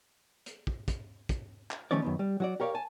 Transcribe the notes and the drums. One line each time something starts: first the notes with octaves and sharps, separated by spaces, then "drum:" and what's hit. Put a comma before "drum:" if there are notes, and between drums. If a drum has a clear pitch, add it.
drum: hi-hat
drum: kick
drum: kick, hi-hat
drum: kick, hi-hat
drum: clap
D#3 F3 A3 C#4 C#5 D5
F#2 D#3 B3
G3
F#3 F#4 D5
G4 A#4 C#5 D5 F5
G#5 A5